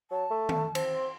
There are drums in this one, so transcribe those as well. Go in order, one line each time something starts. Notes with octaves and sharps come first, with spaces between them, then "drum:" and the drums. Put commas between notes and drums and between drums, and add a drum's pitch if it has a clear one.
F#3 A5
A3
drum: tom D#3
C4, drum: cymbal
C6